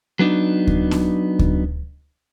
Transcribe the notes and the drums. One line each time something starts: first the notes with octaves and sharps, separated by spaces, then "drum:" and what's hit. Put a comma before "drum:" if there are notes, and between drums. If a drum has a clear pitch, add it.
F#3 B3 D4 D#4
drum: kick D2
drum: snare B3
drum: kick D2